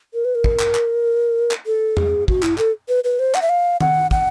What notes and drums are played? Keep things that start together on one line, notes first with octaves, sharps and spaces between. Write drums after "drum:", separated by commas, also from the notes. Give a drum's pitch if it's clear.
A#4
B4
A#4
drum: kick
drum: clap
drum: clap
drum: clap
A4
G#4, drum: tom E2
F#4, drum: kick
E4, drum: clap
A4, drum: clap
B4
B4
C5
F#5, drum: clap
E5
F5
F#5, drum: tom D#3
F#5, drum: kick